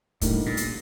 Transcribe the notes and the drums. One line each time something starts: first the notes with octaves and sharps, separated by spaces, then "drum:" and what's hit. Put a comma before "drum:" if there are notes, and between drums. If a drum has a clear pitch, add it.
A2 D3 G3 A#3 D#4, drum: kick, hi-hat
A#2
drum: hi-hat